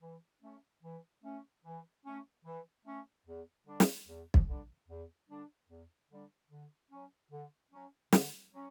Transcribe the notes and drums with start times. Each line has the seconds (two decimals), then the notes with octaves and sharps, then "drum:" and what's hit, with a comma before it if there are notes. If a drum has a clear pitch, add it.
0.01 E3
0.42 A3 C#4
0.83 E3
1.23 A3 C#4
1.64 E3
2.05 A3 C#4
2.45 E3
2.85 A3 C#4
3.26 E2
3.66 D3 G3 D4
3.80 drum: snare
4.07 E2
4.34 drum: kick
4.47 D3 G3 D4
4.88 E2
5.29 D3 G3 D4
5.69 E2
6.10 D3 G3 D4
6.50 D3
6.90 F#3 C#4
7.31 D3
7.71 F#3 C#4
8.12 D3, drum: snare
8.53 F#3 C#4